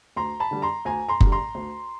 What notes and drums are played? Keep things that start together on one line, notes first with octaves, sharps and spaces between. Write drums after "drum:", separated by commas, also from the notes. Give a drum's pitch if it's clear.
D2 A#5 C6
A5 B5
D3 G3
A#5 C6
D2 G#5 A#5
A#5 C6
D3 G3, drum: kick F#1
A#5 C6
D2